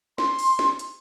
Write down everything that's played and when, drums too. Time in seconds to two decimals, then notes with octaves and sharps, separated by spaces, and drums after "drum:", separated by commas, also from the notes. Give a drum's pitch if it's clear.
0.18 C6, drum: snare
0.39 drum: open hi-hat
0.59 drum: snare
0.79 drum: hi-hat